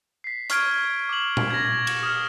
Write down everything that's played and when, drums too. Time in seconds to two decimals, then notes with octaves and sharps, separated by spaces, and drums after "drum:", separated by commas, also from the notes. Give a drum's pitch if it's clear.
0.24 B6 C7
0.50 C#6 F6 G#6 D7, drum: hi-hat
1.09 D6 F#7
1.37 drum: tom A#2
1.50 G#6 A#6
1.87 E7, drum: cymbal
2.03 D#6 F6